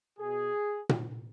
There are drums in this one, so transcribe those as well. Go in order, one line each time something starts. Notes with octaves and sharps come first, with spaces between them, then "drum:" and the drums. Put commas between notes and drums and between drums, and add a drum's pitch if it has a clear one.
B2 G#4
drum: tom A#2